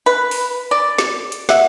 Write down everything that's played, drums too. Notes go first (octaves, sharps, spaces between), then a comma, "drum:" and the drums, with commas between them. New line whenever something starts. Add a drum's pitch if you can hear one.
B4
drum: open hi-hat
D5
drum: snare
drum: hi-hat
E5 F#5, drum: snare